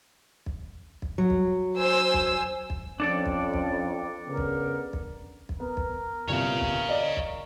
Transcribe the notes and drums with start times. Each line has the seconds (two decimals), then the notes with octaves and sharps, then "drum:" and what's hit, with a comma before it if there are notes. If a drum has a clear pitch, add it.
0.46 drum: kick
1.02 drum: kick
1.18 F#3
1.30 drum: kick
1.77 C5 G#5 E6
2.14 drum: kick
2.70 drum: kick
3.00 F2 F3 C#4 D4 A4 D5
3.26 drum: kick
3.54 drum: kick
4.28 C#3 B3 A#4
4.37 drum: kick
4.93 drum: kick
5.49 drum: kick
5.60 B3 A#4
5.77 drum: kick
6.28 G1 C2 A#2 C#5 F5
6.61 drum: kick
6.89 D5 D#5
7.17 drum: kick